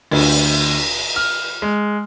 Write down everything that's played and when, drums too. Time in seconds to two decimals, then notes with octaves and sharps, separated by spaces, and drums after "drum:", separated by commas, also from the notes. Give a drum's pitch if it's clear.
0.11 D2, drum: cymbal
1.16 F6
1.62 G#3